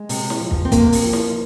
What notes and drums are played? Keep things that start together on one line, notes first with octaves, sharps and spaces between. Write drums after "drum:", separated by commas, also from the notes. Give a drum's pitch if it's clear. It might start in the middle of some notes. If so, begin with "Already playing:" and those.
Already playing: G#3
C3, drum: open hi-hat
drum: snare
F3
drum: kick
C4
C3 A#3, drum: kick, hi-hat
drum: open hi-hat
F3
drum: snare